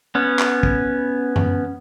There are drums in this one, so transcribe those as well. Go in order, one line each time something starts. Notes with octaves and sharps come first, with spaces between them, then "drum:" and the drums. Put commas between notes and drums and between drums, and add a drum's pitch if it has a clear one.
B3 C#4
drum: clap
drum: kick
drum: tom F#2